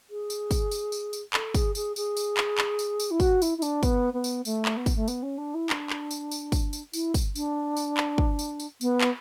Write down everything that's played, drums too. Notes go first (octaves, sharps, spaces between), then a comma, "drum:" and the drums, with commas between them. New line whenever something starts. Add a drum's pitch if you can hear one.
G#4
drum: tambourine
drum: kick, tambourine
drum: tambourine
drum: tambourine
drum: tambourine
A4, drum: clap
G#4, drum: kick, tambourine
G#4, drum: tambourine
G#4, drum: tambourine
drum: tambourine
drum: clap
drum: clap
drum: tambourine
drum: tambourine
E4
F#4, drum: kick, tambourine
E4, drum: tambourine
E4
D4, drum: tambourine
B3, drum: kick, tambourine
B3
drum: tambourine
A3, drum: tambourine
drum: clap
B3
drum: kick, tambourine
A3
B3, drum: tambourine
C#4
D4
E4
D4, drum: clap
drum: clap
drum: tambourine
drum: tambourine
drum: kick, tambourine
drum: tambourine
E4, drum: tambourine
drum: kick, tambourine
D4, drum: tambourine
drum: tambourine
drum: clap
drum: kick
drum: tambourine
drum: tambourine
B3, drum: tambourine
drum: clap